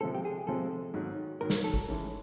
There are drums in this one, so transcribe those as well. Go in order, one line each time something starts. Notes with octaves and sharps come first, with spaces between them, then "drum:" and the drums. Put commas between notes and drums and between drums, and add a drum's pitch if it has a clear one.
C3 F3 G#3 C4 A4
G4
G#4
C3 F3 G#3 C4 A4
G#2 D#3 F#3
G#2 D#3 F#3 A#4
drum: snare
A4
drum: kick G#1
E3 G#3 C#4